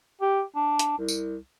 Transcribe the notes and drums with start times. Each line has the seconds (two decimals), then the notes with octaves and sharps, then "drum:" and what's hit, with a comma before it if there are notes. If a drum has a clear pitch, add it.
0.22 G4
0.56 D4
0.79 drum: hi-hat
0.98 C2
1.08 drum: tambourine